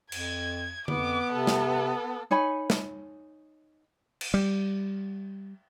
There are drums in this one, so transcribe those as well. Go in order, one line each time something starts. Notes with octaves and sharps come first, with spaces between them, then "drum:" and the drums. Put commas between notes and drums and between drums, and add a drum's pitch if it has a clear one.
F2 G#6, drum: cymbal
F2 B3 D6, drum: tom D3
C3 A4
drum: snare
D#4 C#5 G#5 B5
drum: snare
drum: cymbal
G3